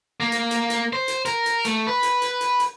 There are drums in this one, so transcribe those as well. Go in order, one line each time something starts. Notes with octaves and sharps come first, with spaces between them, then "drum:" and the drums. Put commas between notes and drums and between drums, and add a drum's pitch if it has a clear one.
A#3
drum: hi-hat
drum: hi-hat
drum: hi-hat
C5
drum: hi-hat
A#4, drum: hi-hat
drum: hi-hat
A3, drum: hi-hat
B4
drum: hi-hat
drum: hi-hat
drum: hi-hat
drum: hi-hat